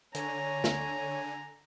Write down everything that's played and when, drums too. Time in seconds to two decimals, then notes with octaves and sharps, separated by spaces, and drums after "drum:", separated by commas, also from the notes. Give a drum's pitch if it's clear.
0.15 D3 C#5 G#5 A#5, drum: hi-hat
0.64 drum: snare